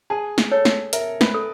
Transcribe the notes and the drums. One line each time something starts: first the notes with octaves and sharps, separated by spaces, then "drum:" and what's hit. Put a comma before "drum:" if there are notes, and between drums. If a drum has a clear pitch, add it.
G#4 A5
drum: snare
A4 C#5
drum: snare
A#4 E5, drum: hi-hat
B4, drum: snare
A4